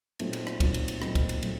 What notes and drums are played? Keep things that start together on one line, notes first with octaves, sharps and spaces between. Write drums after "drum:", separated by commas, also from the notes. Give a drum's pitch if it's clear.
A#2 F#3 A3 C4 D#4, drum: cymbal
drum: cymbal
drum: rim click
A#2 F#3 A3 C4 D#4, drum: kick, cymbal
drum: cymbal
drum: cymbal
A#2 F#3 A3 C4 D#4, drum: rim click
drum: kick, cymbal
drum: cymbal
A#2 F#3 A3, drum: cymbal